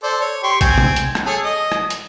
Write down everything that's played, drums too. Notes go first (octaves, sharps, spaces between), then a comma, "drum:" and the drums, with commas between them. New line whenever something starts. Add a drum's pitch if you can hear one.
A4 C5 D5
C#5
G4 C6 C#6
C4 G5 G#5, drum: kick A#1, hi-hat
drum: tom C3
drum: hi-hat
drum: rim click
G#4 A4 C#5
D#5 D#6
drum: rim click
drum: hi-hat